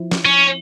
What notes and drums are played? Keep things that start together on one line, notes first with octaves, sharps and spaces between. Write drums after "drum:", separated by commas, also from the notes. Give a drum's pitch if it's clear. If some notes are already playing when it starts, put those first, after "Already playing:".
Already playing: F3 E4
drum: snare
C#4